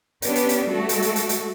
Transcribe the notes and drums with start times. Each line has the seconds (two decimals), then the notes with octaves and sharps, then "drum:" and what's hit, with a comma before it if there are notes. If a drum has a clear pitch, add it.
0.22 B3 C#4 D4 G4 B4, drum: hi-hat
0.36 drum: hi-hat
0.49 drum: hi-hat
0.69 G3 A3 F#4 A4
0.89 drum: hi-hat
1.02 drum: hi-hat
1.16 drum: hi-hat
1.29 drum: hi-hat